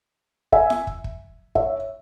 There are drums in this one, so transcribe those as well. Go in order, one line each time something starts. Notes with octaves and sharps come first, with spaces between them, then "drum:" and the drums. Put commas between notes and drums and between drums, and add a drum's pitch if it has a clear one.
E5 G#5, drum: kick
drum: snare
drum: kick
drum: kick
C#5 E5, drum: kick